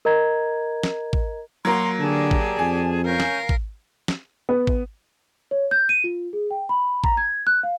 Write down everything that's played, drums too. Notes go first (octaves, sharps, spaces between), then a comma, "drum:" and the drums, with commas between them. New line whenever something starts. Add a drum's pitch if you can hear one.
A#4 D#5 A#5 G#6
drum: snare
drum: kick
F#3 A#3 F#4 A#4 A#5 C6
D3 G4 G#4 D5 A5
drum: kick
F2 G#5
C#4 A#4 F5 G6
drum: snare
drum: kick
drum: snare
B3
drum: kick
C#5
G6
D#7
F4
G#4
G5
B5
A#5, drum: kick
G#6
F#6
F5